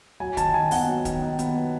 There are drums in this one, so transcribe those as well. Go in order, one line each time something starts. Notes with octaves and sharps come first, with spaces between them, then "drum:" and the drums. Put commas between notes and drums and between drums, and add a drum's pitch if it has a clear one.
F#3 G#5
D#3 A5, drum: kick, hi-hat
D#3 G#5
B3 F#5, drum: open hi-hat
F#3
D#3, drum: kick, hi-hat
D#3
B3, drum: hi-hat
F#3